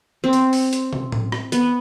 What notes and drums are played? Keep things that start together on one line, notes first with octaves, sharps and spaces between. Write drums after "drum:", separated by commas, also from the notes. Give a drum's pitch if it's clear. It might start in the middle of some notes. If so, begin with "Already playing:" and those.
C4
drum: hi-hat
drum: open hi-hat
drum: hi-hat
drum: tom
drum: tom A2
drum: rim click
B3, drum: hi-hat